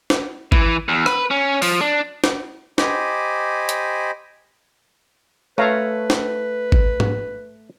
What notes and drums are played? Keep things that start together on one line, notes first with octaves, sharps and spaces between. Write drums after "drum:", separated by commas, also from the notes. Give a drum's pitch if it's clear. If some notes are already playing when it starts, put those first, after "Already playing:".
drum: snare
E3, drum: kick G#1
E2
B4, drum: rim click
C#4
F3, drum: open hi-hat
D4
drum: snare
G4 C5 D#5 G#5 B5 D6, drum: snare
drum: hi-hat
A3 A4 B4 C#5 F5 A#5
drum: snare
drum: kick G#1
drum: tom G#2